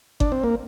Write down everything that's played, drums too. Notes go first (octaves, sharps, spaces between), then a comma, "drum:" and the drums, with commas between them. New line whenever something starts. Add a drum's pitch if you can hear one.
D4, drum: kick G1
C4
A#3